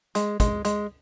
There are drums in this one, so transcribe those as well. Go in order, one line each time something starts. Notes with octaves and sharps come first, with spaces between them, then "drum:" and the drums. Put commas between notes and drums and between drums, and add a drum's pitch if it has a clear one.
G#3, drum: hi-hat
G#3, drum: kick, hi-hat
G#3, drum: hi-hat